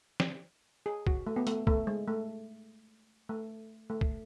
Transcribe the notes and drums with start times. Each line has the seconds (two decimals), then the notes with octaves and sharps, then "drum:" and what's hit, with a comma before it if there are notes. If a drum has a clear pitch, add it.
0.20 drum: snare
0.86 G#4
1.07 F#4, drum: kick
1.27 A3
1.36 B3
1.47 A3, drum: hi-hat
1.67 A3, drum: kick
1.87 G#3
2.08 A3
3.29 A3
3.90 A3
4.01 drum: kick